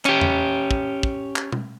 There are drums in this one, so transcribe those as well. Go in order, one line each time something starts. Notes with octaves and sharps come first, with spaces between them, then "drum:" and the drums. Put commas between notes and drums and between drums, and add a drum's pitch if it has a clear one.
C#4 G4, drum: clap
drum: tom E2
drum: kick
drum: kick
drum: clap
drum: tom B2